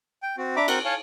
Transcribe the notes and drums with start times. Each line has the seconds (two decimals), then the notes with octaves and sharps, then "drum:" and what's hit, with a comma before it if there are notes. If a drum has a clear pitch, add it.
0.22 G5
0.38 C4 F#4
0.56 D4 E5 A#5 B5 D6
0.68 C4 F#4 A#4 C#6 F#6, drum: cymbal
0.85 C#5 F5 G#5 A5